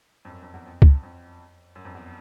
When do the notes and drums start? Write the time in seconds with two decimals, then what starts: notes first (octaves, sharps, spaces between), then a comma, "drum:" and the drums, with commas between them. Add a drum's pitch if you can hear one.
0.25 F2
0.30 F#2
0.42 F2
0.54 E2
0.66 F2
0.82 drum: kick C#2
1.03 F2
1.75 F#2
1.85 F2
1.95 E2